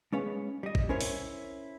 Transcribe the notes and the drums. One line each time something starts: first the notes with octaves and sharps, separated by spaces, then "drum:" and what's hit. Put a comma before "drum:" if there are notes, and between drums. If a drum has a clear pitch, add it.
G#3 B3 C#4 B4 C#5 F5
G3 D#5
drum: kick
C#4 E4 A#4 C5 C#5
drum: open hi-hat